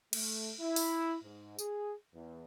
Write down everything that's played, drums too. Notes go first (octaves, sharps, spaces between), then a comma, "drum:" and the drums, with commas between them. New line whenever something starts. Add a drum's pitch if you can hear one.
A3, drum: cymbal
E4
drum: open hi-hat
G#2
G#4, drum: tambourine
E2